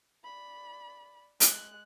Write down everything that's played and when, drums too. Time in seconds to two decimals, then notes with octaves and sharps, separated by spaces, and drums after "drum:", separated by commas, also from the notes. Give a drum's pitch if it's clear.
0.24 D5 B5
1.40 G#3 F#6, drum: hi-hat